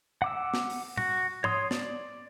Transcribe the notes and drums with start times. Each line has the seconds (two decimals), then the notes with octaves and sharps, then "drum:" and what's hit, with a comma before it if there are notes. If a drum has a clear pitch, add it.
0.22 F#5 D6 E6
0.54 drum: snare
0.70 drum: open hi-hat
0.98 F#4, drum: tom
1.44 C#5 C6 D#6, drum: tom
1.71 D5, drum: snare